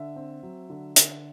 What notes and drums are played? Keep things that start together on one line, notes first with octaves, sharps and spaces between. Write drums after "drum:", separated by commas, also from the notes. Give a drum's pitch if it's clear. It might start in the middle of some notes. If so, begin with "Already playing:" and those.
Already playing: D3 E5
C4
F#3
D3
D3, drum: hi-hat